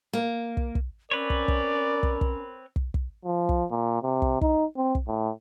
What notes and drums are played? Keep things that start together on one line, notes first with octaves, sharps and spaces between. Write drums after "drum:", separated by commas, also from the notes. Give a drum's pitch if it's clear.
A#3
drum: kick
drum: kick
C4 C#4 A#4 B4 C#5 D5
drum: kick
drum: kick
drum: kick
drum: kick
drum: kick
drum: kick
F3
drum: kick
A#2
C3
drum: kick
D#4, drum: kick
C4
drum: kick
A2